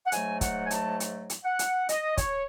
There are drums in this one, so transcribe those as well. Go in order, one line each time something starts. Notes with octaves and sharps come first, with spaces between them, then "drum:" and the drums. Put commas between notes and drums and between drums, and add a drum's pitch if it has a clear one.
F#5
G#2 F#3 A3 G#5, drum: hi-hat
F#5, drum: kick, hi-hat
G#5
A5, drum: hi-hat
drum: hi-hat
drum: hi-hat
F#5
drum: hi-hat
D#5, drum: hi-hat
C#5, drum: kick, hi-hat